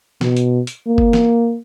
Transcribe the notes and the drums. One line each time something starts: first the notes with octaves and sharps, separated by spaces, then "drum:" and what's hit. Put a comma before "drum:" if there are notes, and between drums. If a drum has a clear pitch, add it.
B2, drum: snare
drum: hi-hat
drum: hi-hat
A#3
drum: kick F#1
drum: snare